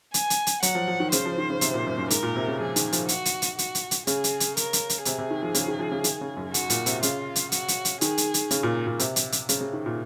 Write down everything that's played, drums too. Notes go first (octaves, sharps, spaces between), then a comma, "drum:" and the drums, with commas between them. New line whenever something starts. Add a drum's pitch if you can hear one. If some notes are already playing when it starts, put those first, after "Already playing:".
G#5, drum: hi-hat
drum: hi-hat
drum: hi-hat
F#3 F#5, drum: hi-hat
F3
F3
D#3
C#3 C5, drum: hi-hat
F3
D#3
C#3
C3, drum: hi-hat
A#2
F#2
F#2
G#2 A#4, drum: hi-hat
A#2
C3
C#3
F3 G#4
D#3, drum: hi-hat
F3, drum: hi-hat
F#4, drum: hi-hat
drum: hi-hat
drum: hi-hat
F#4, drum: hi-hat
drum: hi-hat
drum: hi-hat
C#3 G#4, drum: hi-hat
drum: hi-hat
drum: hi-hat
A#4, drum: hi-hat
drum: hi-hat
drum: hi-hat
C3 G#4, drum: hi-hat
C3
D#3
F3
C#3, drum: hi-hat
D#3
F3
C#3
D#3, drum: hi-hat
C#3
F#2
F#4, drum: hi-hat
A#2, drum: hi-hat
C3, drum: hi-hat
C#3 F4, drum: hi-hat
drum: hi-hat
F#4, drum: hi-hat
drum: hi-hat
drum: hi-hat
D#3 G#4, drum: hi-hat
drum: hi-hat
drum: hi-hat
C#3, drum: hi-hat
A#2
A#2
C3, drum: hi-hat
drum: hi-hat
drum: hi-hat
C#3, drum: hi-hat
C#3
D#3
A#2